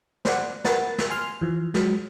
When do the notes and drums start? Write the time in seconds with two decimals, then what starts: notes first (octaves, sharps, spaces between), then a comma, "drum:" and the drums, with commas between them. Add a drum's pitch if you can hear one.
0.25 C5 D5 F#5, drum: snare
0.64 A#4 B4 F#5 A6, drum: snare
0.98 drum: snare
1.10 G#5 C6 F6
1.41 E3 F3
1.74 F#3 G#3, drum: snare